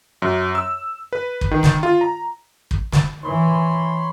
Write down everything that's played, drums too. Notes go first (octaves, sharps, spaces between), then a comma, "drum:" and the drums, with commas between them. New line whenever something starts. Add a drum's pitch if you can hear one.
F#2
E6
B4
drum: kick
D#3
drum: snare
F4
A#5
drum: kick
drum: snare
E3 C#5 B5 C6